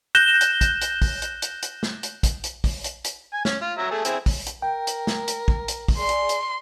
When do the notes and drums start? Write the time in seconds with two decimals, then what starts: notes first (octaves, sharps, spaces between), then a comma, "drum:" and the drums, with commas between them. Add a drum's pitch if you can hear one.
0.15 F#6 G6 A#6 E7 G7
0.41 drum: hi-hat
0.61 drum: kick, hi-hat
0.81 drum: hi-hat
1.02 drum: kick, open hi-hat
1.22 drum: hi-hat
1.42 drum: hi-hat
1.62 drum: hi-hat
1.83 drum: snare
2.03 drum: hi-hat
2.23 drum: kick, hi-hat
2.44 drum: hi-hat
2.64 drum: kick, open hi-hat
2.84 drum: hi-hat
3.04 drum: hi-hat
3.33 G#5
3.45 C#4, drum: snare
3.62 F4
3.78 F#3 E5 A#5
3.91 A3 G#4 A4
4.05 C4 E4 G#4, drum: hi-hat
4.26 drum: kick, open hi-hat
4.46 drum: hi-hat
4.62 A#4 G5
4.87 drum: hi-hat
5.07 drum: snare
5.28 drum: hi-hat
5.48 drum: kick
5.68 drum: hi-hat
5.88 drum: kick, open hi-hat
5.98 G#4 D5 C6
6.09 drum: hi-hat
6.29 drum: hi-hat